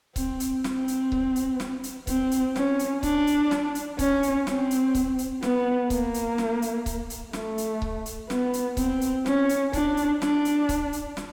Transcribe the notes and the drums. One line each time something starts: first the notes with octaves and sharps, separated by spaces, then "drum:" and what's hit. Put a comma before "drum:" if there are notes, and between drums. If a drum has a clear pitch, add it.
C4, drum: kick C#1, hi-hat
drum: hi-hat
C4, drum: snare
drum: hi-hat
drum: kick C#1
drum: hi-hat
drum: snare
drum: hi-hat
C4, drum: kick C#1, hi-hat
drum: hi-hat
C#4, drum: snare
drum: hi-hat
D4, drum: kick C#1, hi-hat
drum: hi-hat
drum: snare
drum: hi-hat
C#4, drum: kick C#1, hi-hat
drum: hi-hat
C4, drum: snare
drum: hi-hat
drum: kick C#1, hi-hat
drum: hi-hat
B3, drum: snare
A#3, drum: kick C#1, hi-hat
drum: hi-hat
drum: snare
drum: hi-hat
drum: kick C#1, hi-hat
drum: hi-hat
A3, drum: snare
drum: hi-hat
drum: kick C#1
drum: hi-hat
B3, drum: snare
drum: hi-hat
C4, drum: kick C#1, hi-hat
drum: hi-hat
C#4, drum: snare
drum: hi-hat
D4, drum: kick C#1, hi-hat
drum: hi-hat
D4, drum: snare
drum: hi-hat
drum: kick C#1, hi-hat
drum: hi-hat
drum: snare